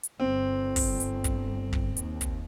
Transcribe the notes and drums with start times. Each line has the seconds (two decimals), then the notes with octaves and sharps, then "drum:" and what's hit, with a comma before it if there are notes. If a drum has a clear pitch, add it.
0.03 drum: hi-hat
0.20 G1 C4
0.76 drum: kick, open hi-hat
1.00 drum: hi-hat
1.24 drum: kick, hi-hat
1.73 drum: kick
1.97 D#2, drum: hi-hat
2.21 drum: kick, hi-hat